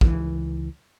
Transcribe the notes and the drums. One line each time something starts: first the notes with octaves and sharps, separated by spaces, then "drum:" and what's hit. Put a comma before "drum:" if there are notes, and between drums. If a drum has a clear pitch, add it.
C#2 E3, drum: kick